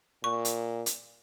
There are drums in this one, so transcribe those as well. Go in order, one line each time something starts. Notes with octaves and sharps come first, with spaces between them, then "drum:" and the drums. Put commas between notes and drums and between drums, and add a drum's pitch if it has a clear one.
A#2 C#6
drum: hi-hat
drum: hi-hat